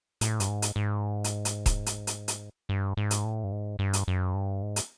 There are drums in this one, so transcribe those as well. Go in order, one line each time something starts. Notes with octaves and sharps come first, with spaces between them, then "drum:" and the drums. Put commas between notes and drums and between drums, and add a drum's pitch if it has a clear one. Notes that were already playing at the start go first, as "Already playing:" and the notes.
A2, drum: hi-hat
G2, drum: hi-hat
G#2
drum: hi-hat
G#2
drum: hi-hat
drum: hi-hat
drum: kick D#1, hi-hat
drum: hi-hat
drum: hi-hat
drum: hi-hat
G2
G#2
drum: hi-hat
A2
G2
G#2
G2
drum: hi-hat
F#2
G2
G#2
drum: hi-hat